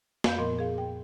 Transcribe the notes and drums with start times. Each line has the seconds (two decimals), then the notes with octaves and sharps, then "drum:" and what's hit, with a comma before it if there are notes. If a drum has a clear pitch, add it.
0.24 F2 F5 B5 G6, drum: snare
0.38 A#2 F3 B3 A#4 D#5 C6
0.59 G#4 F5
0.78 G5